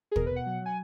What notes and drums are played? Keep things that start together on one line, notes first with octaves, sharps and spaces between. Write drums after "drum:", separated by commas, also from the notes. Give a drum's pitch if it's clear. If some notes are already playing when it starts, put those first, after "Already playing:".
G#4
B2 A#4, drum: kick
B4
B2 F#5
F#3
F#3 G#5